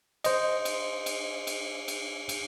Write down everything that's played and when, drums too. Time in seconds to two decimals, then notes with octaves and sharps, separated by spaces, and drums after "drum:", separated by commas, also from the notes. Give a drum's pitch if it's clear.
0.24 C5 D#5, drum: cymbal
0.65 drum: cymbal
1.06 drum: cymbal
1.47 drum: cymbal
1.88 drum: cymbal
2.29 drum: cymbal